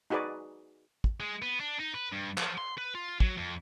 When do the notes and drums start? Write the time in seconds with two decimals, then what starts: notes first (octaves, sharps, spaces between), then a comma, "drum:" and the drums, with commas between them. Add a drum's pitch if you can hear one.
0.10 D#4 F#4 G#4 B4 D5
1.04 drum: kick
1.20 G#3
1.42 B3
1.60 D4
1.80 D#4
1.94 B4
2.12 G2
2.38 F3, drum: clap
2.58 C6
2.78 B4
2.94 F4
3.20 F#3, drum: kick
3.37 F2